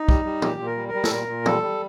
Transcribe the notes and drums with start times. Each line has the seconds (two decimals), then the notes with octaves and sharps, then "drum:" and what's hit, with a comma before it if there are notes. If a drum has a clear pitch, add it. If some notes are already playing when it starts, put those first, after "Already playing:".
Already playing: D#4
0.09 G3, drum: kick
0.25 G3
0.42 A#2 G4, drum: tom
0.60 A#2
0.66 A#4
0.77 G3
0.89 A#4
0.94 G3
1.04 A4, drum: snare
1.11 A#2 A#4
1.28 A#2
1.46 G3 A4, drum: tom
1.63 G3